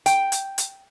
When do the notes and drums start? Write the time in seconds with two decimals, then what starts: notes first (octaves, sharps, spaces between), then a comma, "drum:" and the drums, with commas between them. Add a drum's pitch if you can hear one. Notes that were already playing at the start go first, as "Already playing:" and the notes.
0.06 G5, drum: hi-hat
0.32 drum: hi-hat
0.58 drum: hi-hat